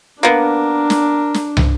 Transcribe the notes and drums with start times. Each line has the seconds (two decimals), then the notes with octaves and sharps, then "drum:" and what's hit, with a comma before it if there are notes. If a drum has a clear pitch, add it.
0.23 A#3 B3 D4 A#4
0.90 drum: snare
1.34 drum: snare
1.57 drum: tom